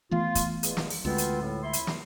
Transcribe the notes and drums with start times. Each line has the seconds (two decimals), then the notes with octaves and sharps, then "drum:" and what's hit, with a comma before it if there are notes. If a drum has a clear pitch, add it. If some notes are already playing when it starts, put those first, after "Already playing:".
0.11 E3 A3 B3 F4
0.35 drum: kick, hi-hat
0.63 E2 G#3 G#4, drum: hi-hat
0.77 drum: snare
0.90 drum: open hi-hat
1.05 D2 G#3 B3 C4 F4
1.18 drum: hi-hat
1.41 A2
1.63 E4 C6
1.73 drum: hi-hat
1.87 drum: snare